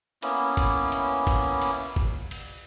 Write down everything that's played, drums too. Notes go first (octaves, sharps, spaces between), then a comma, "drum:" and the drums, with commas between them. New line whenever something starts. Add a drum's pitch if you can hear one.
A#3 B3 C#4 E4, drum: cymbal
drum: kick, cymbal
drum: cymbal
drum: kick, cymbal
drum: cymbal
drum: kick
drum: cymbal